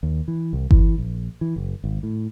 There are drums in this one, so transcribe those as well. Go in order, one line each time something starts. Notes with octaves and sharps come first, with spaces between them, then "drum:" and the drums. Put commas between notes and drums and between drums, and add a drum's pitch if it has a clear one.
D#2
E3
C2
E3, drum: kick G1
A#1
E3
F#1
G#1
A2